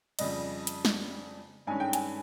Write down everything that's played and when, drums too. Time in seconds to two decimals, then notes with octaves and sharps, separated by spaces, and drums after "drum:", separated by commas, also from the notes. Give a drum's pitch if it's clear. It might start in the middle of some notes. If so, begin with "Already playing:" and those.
0.19 F2 C#3 G3 D#5, drum: cymbal
0.67 drum: hi-hat
0.85 drum: snare
1.67 G2 D#3 G#3 C#4 G#5
1.80 G5
1.93 G#5, drum: hi-hat